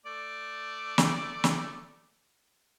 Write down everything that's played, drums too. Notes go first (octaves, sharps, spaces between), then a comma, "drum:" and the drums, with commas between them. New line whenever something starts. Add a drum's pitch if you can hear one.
A3 D5 D6
drum: snare
drum: snare